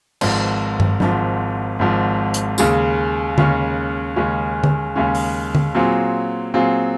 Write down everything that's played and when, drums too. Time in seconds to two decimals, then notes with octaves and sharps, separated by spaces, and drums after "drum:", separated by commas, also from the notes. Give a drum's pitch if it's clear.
0.21 G#1 G#2 F3, drum: cymbal
0.80 drum: tom
1.00 G#1 G#2 F3, drum: tom F#3
1.79 G#1 G#2 F3
2.34 drum: hi-hat
2.58 D#2 C#3 G#3 C#4, drum: tambourine
3.38 D#2 C#3 G#3 C#4, drum: tom D3
4.16 D#2 C#3 G#3 C#4
4.64 drum: tom D3
4.96 D#2 C#3 G#3 C#4
5.15 drum: open hi-hat
5.55 drum: tom D3
5.75 A#2 F#3 C4 F4 G#4
6.54 A#2 F#3 C4 F4 G#4